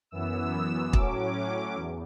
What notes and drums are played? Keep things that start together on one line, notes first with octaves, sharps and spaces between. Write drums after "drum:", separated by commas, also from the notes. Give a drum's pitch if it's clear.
F#2 E3 B3 E6
A2 F#3 C#4 D6, drum: kick
E2